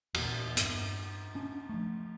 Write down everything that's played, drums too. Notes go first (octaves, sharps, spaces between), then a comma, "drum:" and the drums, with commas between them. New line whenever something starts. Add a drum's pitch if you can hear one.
E2 A#2, drum: cymbal
G2 B3, drum: hi-hat
C#4 D4
F3 A3